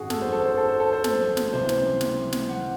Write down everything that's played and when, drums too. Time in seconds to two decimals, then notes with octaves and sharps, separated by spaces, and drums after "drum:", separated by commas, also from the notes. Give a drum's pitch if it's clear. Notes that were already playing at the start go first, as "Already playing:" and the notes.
Already playing: G#1 F#2 D#3 F#4 G#4
0.10 A4, drum: snare
0.22 C5
0.33 A4
0.46 C5
0.57 A4
0.68 C5
0.80 A4
0.93 C5
1.04 A4, drum: snare
1.37 drum: snare
1.53 C#2 C3 E3 C5
1.69 drum: snare
2.01 drum: snare
2.32 drum: snare
2.49 F#5